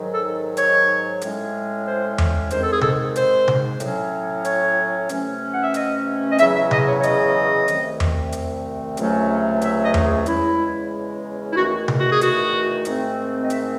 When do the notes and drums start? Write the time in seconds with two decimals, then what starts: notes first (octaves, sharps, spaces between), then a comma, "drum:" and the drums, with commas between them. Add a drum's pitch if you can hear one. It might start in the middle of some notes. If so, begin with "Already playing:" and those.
Already playing: G#2 D#3 F#3
0.14 A4
0.57 C#5, drum: hi-hat
1.21 A2 G#3 C#4, drum: hi-hat
1.86 C5
2.18 drum: tom E2
2.50 G#2 D#3 G#3 C4 C5, drum: hi-hat
2.61 A4
2.71 G#4
2.81 A4, drum: tom C3
3.16 C5, drum: hi-hat
3.48 drum: tom C3
3.80 A2 F#3 C#4, drum: hi-hat
4.45 C#5, drum: hi-hat
5.09 C3 E3 A3 C#4, drum: hi-hat
5.53 F#5
5.63 E5
5.74 D#5, drum: hi-hat
6.32 D#5
6.38 E2 C#3 F#3 E5, drum: hi-hat
6.54 E5
6.71 D#5, drum: tom C3
6.87 C#5
6.99 C#5
7.03 D#5, drum: hi-hat
7.68 C2 C3 D#3 A3 C4, drum: hi-hat
8.00 drum: tom E2
8.32 drum: hi-hat
8.97 C#2 C3 F#3 A3 C#4, drum: hi-hat
9.61 E5, drum: hi-hat
9.83 D#5
9.94 drum: tom E2
10.05 G#4
10.26 E2 C#3 G#3 C#4 E4, drum: hi-hat
11.50 E4
11.56 E2 D#3 A3 F#4
11.88 drum: tom C3
11.99 F#4
12.10 G#4
12.21 F#4, drum: hi-hat
12.85 G#2 D#3 A3 C4, drum: hi-hat
13.42 D#5
13.50 E5, drum: hi-hat